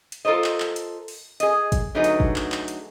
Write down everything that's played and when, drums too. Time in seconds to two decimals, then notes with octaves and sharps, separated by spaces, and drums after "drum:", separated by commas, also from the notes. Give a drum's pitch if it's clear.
0.12 drum: hi-hat
0.25 F4 A4 A#4 C5 D#5
0.44 drum: clap
0.60 drum: clap
0.76 drum: hi-hat
1.08 drum: open hi-hat
1.40 G#4 D#5, drum: hi-hat
1.72 drum: kick, hi-hat
1.95 D3 F#3 A3 D#4 G#4 B4
2.04 drum: hi-hat
2.20 drum: kick
2.36 drum: clap
2.52 drum: clap
2.68 drum: hi-hat